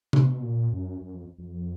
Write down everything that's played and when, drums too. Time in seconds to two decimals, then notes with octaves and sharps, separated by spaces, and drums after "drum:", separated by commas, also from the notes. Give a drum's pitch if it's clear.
0.13 B2, drum: tom C3
0.42 A#2
0.72 F#2
1.01 F#2
1.13 F2
1.38 F2